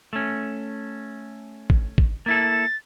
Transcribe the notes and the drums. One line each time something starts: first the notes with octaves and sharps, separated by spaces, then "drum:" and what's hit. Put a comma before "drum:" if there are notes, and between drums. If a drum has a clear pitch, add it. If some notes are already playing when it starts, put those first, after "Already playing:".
A3 C#4
drum: kick
drum: kick
A#3 E4 A4 A6